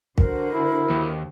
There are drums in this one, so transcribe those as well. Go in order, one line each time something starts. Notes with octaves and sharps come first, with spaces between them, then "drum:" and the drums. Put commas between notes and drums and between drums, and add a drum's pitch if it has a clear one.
D3 F#4 A#4 C5, drum: kick
E4
D#2